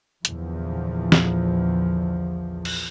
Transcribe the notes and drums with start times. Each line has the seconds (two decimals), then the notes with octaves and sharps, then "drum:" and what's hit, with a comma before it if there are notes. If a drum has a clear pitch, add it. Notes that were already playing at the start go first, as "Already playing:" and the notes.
0.25 A#1 E2 A#2 D3 F3, drum: hi-hat
1.12 drum: snare
2.65 drum: cymbal